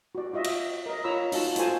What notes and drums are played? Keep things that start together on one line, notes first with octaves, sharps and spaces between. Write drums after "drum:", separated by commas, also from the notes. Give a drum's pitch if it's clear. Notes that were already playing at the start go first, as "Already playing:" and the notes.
F#4 D5
F4 F#4 D#5 E5
drum: cymbal
A#4 D#5
F4 C#5 A#5 B5 E6
D#4 F4 F#4 A5, drum: open hi-hat
F4 F#4 A4 C5 G#5 A5, drum: hi-hat